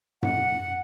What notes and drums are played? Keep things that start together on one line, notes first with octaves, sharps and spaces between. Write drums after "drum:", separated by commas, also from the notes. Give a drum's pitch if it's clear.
F#5, drum: tom F#2